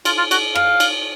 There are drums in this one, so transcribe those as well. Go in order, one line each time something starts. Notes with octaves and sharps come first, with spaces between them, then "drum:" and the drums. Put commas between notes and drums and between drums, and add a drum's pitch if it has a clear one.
F4, drum: cymbal
F4
F#4, drum: cymbal
F5, drum: rim click
drum: cymbal